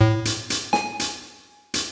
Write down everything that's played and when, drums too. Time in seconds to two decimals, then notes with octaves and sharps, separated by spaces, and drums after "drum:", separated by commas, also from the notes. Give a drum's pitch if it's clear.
0.01 A2
0.25 drum: hi-hat
0.50 drum: hi-hat
0.73 G#5, drum: snare
1.00 drum: hi-hat
1.74 drum: hi-hat